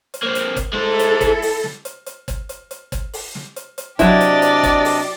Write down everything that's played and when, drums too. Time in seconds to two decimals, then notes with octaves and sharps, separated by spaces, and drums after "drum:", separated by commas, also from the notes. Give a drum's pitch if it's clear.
0.14 drum: hi-hat
0.23 A#3 C4
0.35 drum: hi-hat
0.56 drum: kick, hi-hat
0.73 G#3 E4 A4 C5
0.99 drum: hi-hat
1.21 drum: kick, hi-hat
1.42 drum: open hi-hat
1.64 drum: snare
1.85 drum: hi-hat
2.06 drum: hi-hat
2.28 drum: kick, hi-hat
2.49 drum: hi-hat
2.71 drum: hi-hat
2.92 drum: kick, hi-hat
3.13 drum: open hi-hat
3.35 drum: snare
3.56 drum: hi-hat
3.78 drum: hi-hat
3.99 C3 F#3 D4 E4 G4 D5 D#5, drum: kick, hi-hat
4.21 drum: hi-hat
4.42 drum: hi-hat
4.63 drum: kick, hi-hat
4.85 drum: open hi-hat